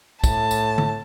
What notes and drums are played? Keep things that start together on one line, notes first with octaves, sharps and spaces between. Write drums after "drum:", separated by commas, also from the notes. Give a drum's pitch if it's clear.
A2 A5, drum: kick, tambourine
drum: tambourine
drum: tom D3